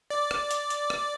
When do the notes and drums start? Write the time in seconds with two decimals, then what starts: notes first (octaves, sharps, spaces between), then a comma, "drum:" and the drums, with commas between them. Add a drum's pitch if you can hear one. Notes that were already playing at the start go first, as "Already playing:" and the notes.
0.10 D5
0.31 drum: rim click
0.51 drum: hi-hat
0.70 drum: hi-hat
0.90 drum: rim click